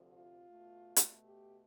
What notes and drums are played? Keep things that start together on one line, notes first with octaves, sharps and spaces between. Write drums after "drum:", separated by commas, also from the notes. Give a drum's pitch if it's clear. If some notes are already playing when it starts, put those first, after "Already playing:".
Already playing: D2 C3 F3 A3
F4
B2 A3
drum: hi-hat
G4